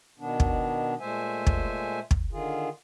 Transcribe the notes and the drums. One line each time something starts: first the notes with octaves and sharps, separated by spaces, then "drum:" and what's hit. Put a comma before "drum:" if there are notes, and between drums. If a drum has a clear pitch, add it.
B2 D#3 B3 D4
drum: kick
A#2 G#3 A3 C5 E5 G#5
drum: kick
drum: kick
D3 D#3 F4 G#4